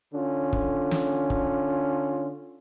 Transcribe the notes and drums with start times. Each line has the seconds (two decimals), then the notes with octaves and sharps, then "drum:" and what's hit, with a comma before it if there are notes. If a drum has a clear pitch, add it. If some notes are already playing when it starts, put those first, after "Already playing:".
0.14 D3 C#4 F4
0.53 drum: kick
0.91 drum: snare
1.30 drum: kick